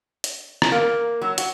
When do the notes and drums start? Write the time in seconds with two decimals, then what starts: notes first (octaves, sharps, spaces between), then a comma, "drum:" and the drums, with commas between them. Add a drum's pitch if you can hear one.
0.24 drum: hi-hat
0.62 drum: rim click
0.72 A#3
1.21 F#3
1.38 F#4, drum: hi-hat